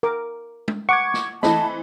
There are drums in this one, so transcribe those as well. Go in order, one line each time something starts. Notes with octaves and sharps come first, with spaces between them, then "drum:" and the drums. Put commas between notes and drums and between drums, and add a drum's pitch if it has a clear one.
A#4 D6
drum: tom
F#5 C#6 D6 G#6
drum: snare
E3 A3 C4 D#5 A5 B5, drum: snare